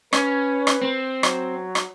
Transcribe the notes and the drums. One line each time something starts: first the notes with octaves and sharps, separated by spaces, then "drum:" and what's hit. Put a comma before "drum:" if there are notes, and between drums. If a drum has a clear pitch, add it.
C#4 B4, drum: rim click
drum: rim click
C4
F#3, drum: rim click
drum: rim click